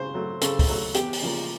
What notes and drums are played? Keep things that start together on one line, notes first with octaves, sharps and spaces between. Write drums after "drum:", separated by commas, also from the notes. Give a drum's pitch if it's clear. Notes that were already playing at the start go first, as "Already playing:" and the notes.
Already playing: C#3 C5
F#3 A3
C#3 A4, drum: hi-hat
drum: kick, open hi-hat
F#3 A3
E2 G4, drum: hi-hat
drum: open hi-hat
C#3 F3 A#3